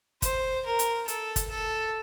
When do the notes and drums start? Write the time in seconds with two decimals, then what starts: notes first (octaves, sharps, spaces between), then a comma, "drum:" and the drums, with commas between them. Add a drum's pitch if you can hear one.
0.22 C5, drum: kick G1, hi-hat
0.65 A#4
0.79 drum: hi-hat
1.08 A4, drum: hi-hat
1.36 drum: kick G1, hi-hat
1.51 A4